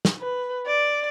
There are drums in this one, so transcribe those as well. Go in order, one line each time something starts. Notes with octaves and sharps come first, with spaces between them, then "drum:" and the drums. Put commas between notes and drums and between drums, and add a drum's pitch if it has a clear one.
drum: snare
B4
D5